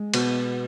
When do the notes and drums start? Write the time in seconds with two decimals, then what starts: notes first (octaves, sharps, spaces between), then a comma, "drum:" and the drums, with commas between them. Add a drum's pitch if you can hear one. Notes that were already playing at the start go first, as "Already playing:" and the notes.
Already playing: G#3
0.14 B2, drum: cymbal